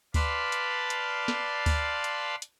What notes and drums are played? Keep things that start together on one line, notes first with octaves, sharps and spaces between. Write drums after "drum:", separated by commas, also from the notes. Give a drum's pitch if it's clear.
B4 D5 F5 A5 B5 C6, drum: kick D2, open hi-hat
drum: hi-hat
drum: hi-hat
drum: snare
drum: kick D2, open hi-hat
drum: hi-hat
drum: hi-hat